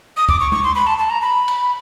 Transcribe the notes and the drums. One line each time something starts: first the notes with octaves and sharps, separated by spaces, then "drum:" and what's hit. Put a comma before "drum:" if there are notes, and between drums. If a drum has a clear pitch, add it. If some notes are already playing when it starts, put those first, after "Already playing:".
D#6
D6, drum: kick D2
C#6
C#6, drum: tom G#3
C6
B5
A5
A5
A#5
B5
drum: cymbal